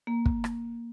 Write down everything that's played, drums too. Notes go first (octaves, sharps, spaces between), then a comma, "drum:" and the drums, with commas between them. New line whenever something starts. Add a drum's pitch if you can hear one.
A#3
drum: kick
drum: rim click